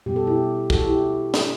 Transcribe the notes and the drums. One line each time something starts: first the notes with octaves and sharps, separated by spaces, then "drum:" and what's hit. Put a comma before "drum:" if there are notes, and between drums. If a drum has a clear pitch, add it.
B2 G3 G4
A4
E4 G4
F#4 A4, drum: kick
E4 G4
drum: snare